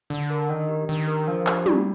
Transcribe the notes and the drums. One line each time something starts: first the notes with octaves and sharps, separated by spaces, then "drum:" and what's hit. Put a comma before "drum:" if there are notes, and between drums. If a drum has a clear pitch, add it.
D3 D4
A#4
D#3 D4
G4
D#3 D4
A#4
F3 D4
G4, drum: clap
G3 D4, drum: tom